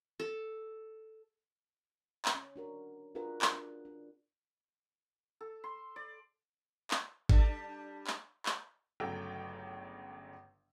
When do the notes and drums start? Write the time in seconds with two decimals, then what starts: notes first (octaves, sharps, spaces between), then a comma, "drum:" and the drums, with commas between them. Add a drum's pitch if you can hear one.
0.20 A4
2.25 drum: clap
2.35 C#4
2.56 D4 F#4 A#4
3.15 D4 F4 F#4 G#4 A#4 B4
3.42 drum: clap
3.52 D4
3.85 D4
5.41 A4
5.64 C6
5.96 D5
6.91 drum: clap
7.29 G3 D4 A4, drum: kick G#1
8.07 drum: clap
8.46 drum: clap
9.00 G1 C#3 F#3 A3 G5 E6